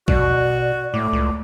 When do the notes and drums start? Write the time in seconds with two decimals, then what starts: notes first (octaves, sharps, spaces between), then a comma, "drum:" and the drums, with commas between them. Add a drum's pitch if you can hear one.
0.08 B2 F#4 D5, drum: kick A#1
0.94 A2 A3 D5
1.13 C#2